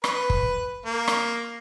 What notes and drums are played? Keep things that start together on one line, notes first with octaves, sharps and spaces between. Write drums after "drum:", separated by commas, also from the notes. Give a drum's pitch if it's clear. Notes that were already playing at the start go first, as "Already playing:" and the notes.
B4, drum: rim click
drum: kick
A#3
drum: rim click